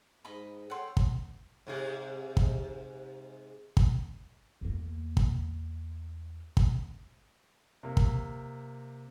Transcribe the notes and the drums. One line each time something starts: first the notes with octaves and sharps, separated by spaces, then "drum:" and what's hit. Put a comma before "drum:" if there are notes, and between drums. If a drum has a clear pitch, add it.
G#2 D#5 B5
A4 C#5 F#5 G5 C6
drum: kick
G#2 C3 G#4
drum: kick
drum: kick
E2 A#3
drum: kick
drum: kick
C3 A#3
drum: kick